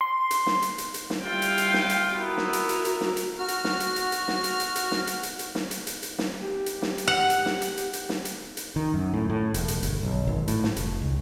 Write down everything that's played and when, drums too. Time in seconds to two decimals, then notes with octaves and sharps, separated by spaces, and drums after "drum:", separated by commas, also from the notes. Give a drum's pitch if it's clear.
0.01 C6
0.31 drum: hi-hat
0.46 drum: snare
0.62 drum: hi-hat
0.78 drum: hi-hat
0.94 drum: hi-hat
1.10 drum: snare
1.23 G3 E4 F4 F5 G5
1.42 drum: hi-hat
1.58 drum: hi-hat
1.74 drum: snare
1.89 drum: hi-hat
2.14 B3 E4 F#4 A#4
2.37 drum: snare
2.53 drum: hi-hat
2.69 drum: hi-hat
2.85 drum: hi-hat
3.01 drum: snare
3.17 drum: hi-hat
3.39 F#4 F6
3.48 drum: hi-hat
3.64 drum: snare
3.80 drum: hi-hat
3.96 drum: hi-hat
4.12 drum: hi-hat
4.28 drum: snare
4.44 drum: hi-hat
4.60 drum: hi-hat
4.76 drum: hi-hat
4.91 drum: snare
5.07 drum: hi-hat
5.23 drum: hi-hat
5.39 drum: hi-hat
5.55 drum: snare
5.71 drum: hi-hat
5.87 drum: hi-hat
6.03 drum: hi-hat
6.19 drum: snare
6.42 G4
6.66 drum: hi-hat
6.82 drum: snare
6.98 drum: hi-hat
7.08 F#5
7.30 drum: hi-hat
7.46 drum: snare
7.62 drum: hi-hat
7.77 drum: hi-hat
7.93 drum: hi-hat
8.09 drum: snare
8.25 drum: hi-hat
8.57 drum: hi-hat
8.76 D#3
8.94 F#2
9.13 A2
9.30 A2
9.54 E1, drum: hi-hat
9.68 drum: hi-hat
9.83 G1, drum: hi-hat
10.03 B1
10.27 G#1
10.48 A2, drum: hi-hat
10.63 drum: snare
10.76 F1, drum: hi-hat
11.02 C#2